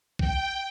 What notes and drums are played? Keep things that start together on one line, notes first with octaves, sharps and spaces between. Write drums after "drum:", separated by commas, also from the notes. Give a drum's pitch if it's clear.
G5, drum: kick A#1